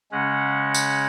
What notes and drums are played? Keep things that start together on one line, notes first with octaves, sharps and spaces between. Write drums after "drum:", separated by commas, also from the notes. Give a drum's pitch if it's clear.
C#3 G#3 C#4 F#5
drum: tambourine